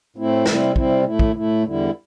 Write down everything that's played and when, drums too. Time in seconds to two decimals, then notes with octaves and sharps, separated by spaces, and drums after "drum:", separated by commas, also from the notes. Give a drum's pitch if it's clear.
0.16 A2 A3 C4 E4
0.46 C3 G3 C4 E4, drum: snare
0.76 C3 G3 C4 E4, drum: kick
1.05 A2 A3 E4
1.19 drum: kick
1.34 A2 A3 E4
1.64 E2 D3 G3 E4